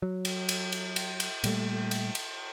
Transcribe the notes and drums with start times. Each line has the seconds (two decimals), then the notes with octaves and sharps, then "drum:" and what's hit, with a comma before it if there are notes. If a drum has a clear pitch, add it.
0.02 F#3
0.25 drum: cymbal
0.49 drum: cymbal
0.72 drum: cymbal
0.96 drum: cymbal
1.20 drum: cymbal
1.44 A#2 G3 A3, drum: cymbal
1.91 drum: cymbal
2.15 drum: cymbal